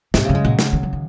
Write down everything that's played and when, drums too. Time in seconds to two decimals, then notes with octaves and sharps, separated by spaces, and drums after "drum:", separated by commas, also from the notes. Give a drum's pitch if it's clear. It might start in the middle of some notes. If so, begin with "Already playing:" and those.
0.14 G#2 C3, drum: snare
0.25 F#2 C#3
0.35 G#3
0.45 A#2 F#3
0.59 drum: snare
0.73 D#3
0.83 F3
0.93 D#3